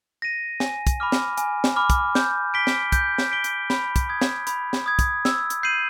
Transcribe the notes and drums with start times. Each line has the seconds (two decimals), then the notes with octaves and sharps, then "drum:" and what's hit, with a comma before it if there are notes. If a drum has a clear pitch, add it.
0.22 A#6 D#7
0.60 G#5, drum: snare
0.87 drum: kick, hi-hat
1.00 B5 D6 F6
1.12 drum: snare
1.38 G#5, drum: hi-hat
1.64 drum: snare
1.76 B5 D6 F6
1.90 drum: kick, hi-hat
2.15 G6, drum: snare
2.54 B6 D7 G7
2.67 drum: snare
2.92 G6, drum: kick, hi-hat
3.18 drum: snare
3.31 B6 D7 G7
3.44 drum: hi-hat
3.70 B5, drum: snare
3.96 drum: kick, hi-hat
4.09 D#6 G#6
4.21 drum: snare
4.47 B5, drum: hi-hat
4.73 drum: snare
4.86 D#6 G#6
4.99 drum: kick, hi-hat
5.25 E6, drum: snare
5.50 drum: hi-hat
5.63 G6 C7 D#7 F#7